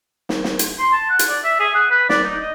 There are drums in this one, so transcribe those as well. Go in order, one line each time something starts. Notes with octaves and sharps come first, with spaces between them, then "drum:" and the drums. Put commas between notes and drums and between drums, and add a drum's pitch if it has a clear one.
drum: snare
drum: snare
drum: hi-hat
C6
A5
F#5
drum: hi-hat
D5
E5
G#4
F#5
B4
D5, drum: snare
D#4
D#5